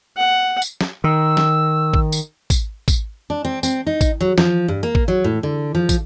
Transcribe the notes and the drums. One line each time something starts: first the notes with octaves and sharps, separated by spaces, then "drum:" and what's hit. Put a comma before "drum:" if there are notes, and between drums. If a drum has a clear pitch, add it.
F#5
drum: tambourine
drum: snare
D#3 E6
drum: snare
drum: kick
drum: tambourine
drum: kick, tambourine
drum: kick, tambourine
D4
C4
C4, drum: tambourine
D#4
drum: kick, tambourine
F#3
F3, drum: snare
G2
A#3
drum: kick
F#3
A2
D3
F3
drum: kick, tambourine